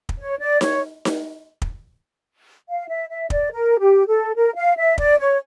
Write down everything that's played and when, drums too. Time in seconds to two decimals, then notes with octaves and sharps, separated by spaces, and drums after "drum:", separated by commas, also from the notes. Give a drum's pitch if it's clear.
0.09 drum: kick
0.18 C#5
0.39 D5
0.61 C#5, drum: snare D#4
1.05 drum: snare D#4
1.62 drum: kick
2.68 F5
2.89 E5
3.09 E5
3.30 D5, drum: kick
3.52 A#4
3.79 G4
4.07 A4
4.35 A#4
4.55 F5
4.76 E5
4.98 D5, drum: kick
5.18 C#5